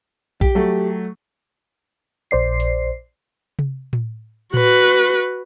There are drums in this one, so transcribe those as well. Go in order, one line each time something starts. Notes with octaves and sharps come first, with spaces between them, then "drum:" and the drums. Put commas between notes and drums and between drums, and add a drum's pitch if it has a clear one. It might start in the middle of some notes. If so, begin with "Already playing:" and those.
G4, drum: kick A#1
F#3 A3
A#1 C5 D5 C7
drum: hi-hat
drum: tom C3
drum: tom A2
F#4 B4, drum: tom A2